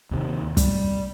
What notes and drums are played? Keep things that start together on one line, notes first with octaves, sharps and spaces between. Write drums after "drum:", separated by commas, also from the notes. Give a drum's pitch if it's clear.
D#2 C3 D#3
G3, drum: kick, hi-hat